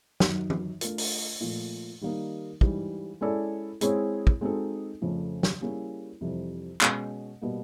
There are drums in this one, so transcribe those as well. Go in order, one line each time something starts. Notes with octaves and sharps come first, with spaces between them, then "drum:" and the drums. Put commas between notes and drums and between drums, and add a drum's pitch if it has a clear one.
F#2 D#3 F#3, drum: snare
drum: tom E3
A3 D4 F4 A#4, drum: hi-hat
drum: open hi-hat
A#2 F3 A3
D#3 G3 A#3 D#4
G#2 E3 G3, drum: kick
G#3 C#4 E4 A4 D5
G#3 C4 E4 G#4 C#5, drum: hi-hat
drum: kick
G#3 C4 D#4 F#4 A4
F2 C#3 F3 A3
drum: snare
G3 A#3 C#4 E4 G#4
F2 C3 E3 G3
B2 G#3 C#4, drum: clap
B2 G3 A#3